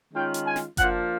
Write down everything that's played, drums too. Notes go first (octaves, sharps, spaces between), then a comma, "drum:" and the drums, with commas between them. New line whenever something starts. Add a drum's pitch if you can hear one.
D#3 G#3 C#4 F4 G5
drum: hi-hat
G#5
drum: snare
F3 A#3 D4 F4 F#5, drum: kick F#1, hi-hat